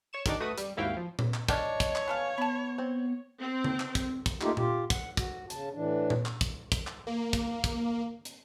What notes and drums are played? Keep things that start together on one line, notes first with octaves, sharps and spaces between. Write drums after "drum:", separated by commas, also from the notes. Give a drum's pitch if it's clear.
C#5 C#6 E7
A1 D#3 D4 D#4 D6, drum: kick, hi-hat
A3 F#4 B4 D#6 D#7
G3, drum: hi-hat
G#1 D#2 E4 F#4 F5 G5
F3
drum: tom A#2
drum: clap
C#4 D4 C#5 D#5 G5, drum: kick, hi-hat
drum: kick, hi-hat
drum: clap
B3 A4 F5 G#5
B3 A5 B5
C4
C4
drum: tom C#3
drum: clap
drum: kick, hi-hat
drum: kick, hi-hat
A3 A#3 D#4 F4 G4, drum: clap
F4 G4, drum: tom A#2
F#5, drum: kick, hi-hat
F#4, drum: kick, hi-hat
C#3 A5, drum: hi-hat
A2 E3 D4
drum: tom A#2
drum: clap
drum: kick, hi-hat
drum: kick, hi-hat
drum: clap
A#3
drum: kick, hi-hat
drum: kick, hi-hat
drum: hi-hat